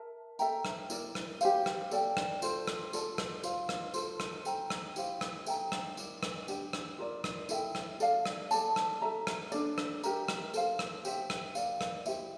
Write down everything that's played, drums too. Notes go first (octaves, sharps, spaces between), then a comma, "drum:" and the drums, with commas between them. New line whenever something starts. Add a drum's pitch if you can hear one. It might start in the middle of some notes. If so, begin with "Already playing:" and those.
Already playing: A#4 E5 A5
A4 E5 G5 A#5, drum: tambourine
drum: rim click
E4 A#4 D5, drum: tambourine
drum: rim click
G4 C5 F5, drum: tambourine
drum: rim click
A4 D5 G5, drum: tambourine
drum: rim click
F4 A4 C5, drum: tambourine
drum: rim click
F4 A4 D5 A5, drum: tambourine
drum: rim click
F4 C5 F5, drum: tambourine
drum: rim click
F4 A4 C5, drum: tambourine
drum: rim click
A4 C5 G5 A#5, drum: tambourine
drum: rim click
E4 G4 C5 F5, drum: tambourine
drum: rim click
A4 E5 G5 A#5, drum: tambourine
drum: rim click
E4 A#4 D5, drum: tambourine
drum: rim click
D4 G4 D5 G5, drum: tambourine
drum: rim click
F4 A#4 D5
drum: rim click
E4 A4 E5 G5, drum: tambourine
drum: rim click
A4 D5 F5, drum: tambourine
drum: rim click
A4 D5 A5, drum: tambourine
drum: rim click
A4 E5 A#5
drum: rim click
D4 A4 D5, drum: tambourine
drum: rim click
G4 A#4 E5 A#5, drum: tambourine
drum: rim click
A4 C5 F5, drum: tambourine
drum: rim click
G4 C5 E5 G5, drum: tambourine
drum: rim click
A#4 D5 F5, drum: tambourine
drum: rim click
E4 G4 C5 E5, drum: tambourine